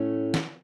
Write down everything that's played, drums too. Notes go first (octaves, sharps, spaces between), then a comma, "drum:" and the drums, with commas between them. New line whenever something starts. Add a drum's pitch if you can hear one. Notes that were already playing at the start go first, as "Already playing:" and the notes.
Already playing: A2 A3 C#4
drum: snare